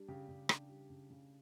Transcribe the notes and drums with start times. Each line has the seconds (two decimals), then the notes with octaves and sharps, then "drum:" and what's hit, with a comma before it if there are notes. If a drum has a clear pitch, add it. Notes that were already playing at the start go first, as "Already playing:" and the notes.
Already playing: G3 D4
0.08 C#3 G4
0.29 C#3
0.49 D4, drum: rim click
0.69 G3
0.90 C#3
1.10 C#3